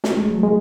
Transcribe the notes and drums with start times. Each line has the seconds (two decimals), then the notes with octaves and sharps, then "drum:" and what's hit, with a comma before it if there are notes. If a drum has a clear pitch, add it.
0.04 A3, drum: snare
0.17 G#3
0.31 F#3
0.43 G#3